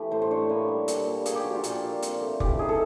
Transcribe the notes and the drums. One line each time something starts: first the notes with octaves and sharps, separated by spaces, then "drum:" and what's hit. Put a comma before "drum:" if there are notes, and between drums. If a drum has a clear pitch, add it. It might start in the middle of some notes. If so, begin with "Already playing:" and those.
Already playing: E3 A3 G4
A2 C5
C5
D4 C#5
A#3 B4
G3
A#2, drum: hi-hat
A#2
A#3 G#4, drum: hi-hat
G4
F3 F#4
F4
A#2, drum: hi-hat
A#2
C4, drum: hi-hat
A3
E3 G4, drum: kick F1
D#4 G#4
A4